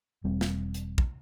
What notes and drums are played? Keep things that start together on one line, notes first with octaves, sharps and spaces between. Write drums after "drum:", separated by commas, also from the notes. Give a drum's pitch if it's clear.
E1 G3 C4
drum: snare
drum: hi-hat
drum: kick